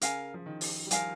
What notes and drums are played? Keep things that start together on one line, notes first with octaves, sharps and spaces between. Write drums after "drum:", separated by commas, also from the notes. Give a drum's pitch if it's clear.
C#3 A#4 F5 G#5, drum: hi-hat
F3
D#3
drum: open hi-hat
G3
F3 A#4 F5 G#5, drum: hi-hat